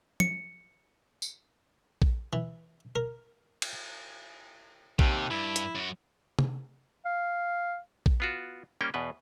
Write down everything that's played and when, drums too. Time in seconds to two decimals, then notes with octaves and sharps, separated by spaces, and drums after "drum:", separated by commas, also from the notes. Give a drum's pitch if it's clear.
0.20 C#7, drum: tom F3
1.22 drum: tambourine
2.02 drum: kick A#1
2.33 E3
2.96 A#4
3.62 drum: cymbal
4.99 D#2 C3, drum: kick A#1
5.30 G2 E4
5.56 drum: hi-hat
5.75 F#2 F#4
6.39 drum: tom C3
7.05 F5
8.06 drum: kick A#1
8.20 B3 F4 F#4
8.81 G3 A#3 C#4 G5
8.94 E2 B2 B4